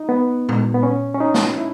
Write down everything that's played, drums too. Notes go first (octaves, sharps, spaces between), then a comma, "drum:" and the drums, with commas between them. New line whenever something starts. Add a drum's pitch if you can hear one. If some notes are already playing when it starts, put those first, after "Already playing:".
Already playing: D#4
B3
drum: tom A#2
B3
C#4
C#4
D#4
drum: snare
E4